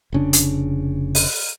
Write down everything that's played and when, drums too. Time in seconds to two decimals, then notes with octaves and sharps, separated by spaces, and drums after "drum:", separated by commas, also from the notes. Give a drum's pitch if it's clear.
0.12 F1 C#3 D4
0.33 drum: hi-hat
1.15 drum: open hi-hat